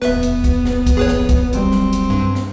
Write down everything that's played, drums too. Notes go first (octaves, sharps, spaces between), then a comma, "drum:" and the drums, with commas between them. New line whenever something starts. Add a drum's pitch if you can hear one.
D1 E2 B3 B4 E5, drum: snare
drum: hi-hat
drum: kick, hi-hat
drum: snare
drum: kick, hi-hat
A1 F2 G#4 B4 C#5
drum: snare
drum: kick, hi-hat
B1 F#3 G3 C4, drum: hi-hat
drum: snare
drum: hi-hat
G2
drum: snare